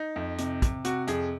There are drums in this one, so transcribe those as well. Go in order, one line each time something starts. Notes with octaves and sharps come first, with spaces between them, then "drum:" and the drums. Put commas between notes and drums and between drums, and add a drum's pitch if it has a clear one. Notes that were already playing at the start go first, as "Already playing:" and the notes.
Already playing: D#4
F2
C3, drum: hi-hat
C3, drum: kick, hi-hat
C3 F#4, drum: hi-hat
F2 G#4, drum: hi-hat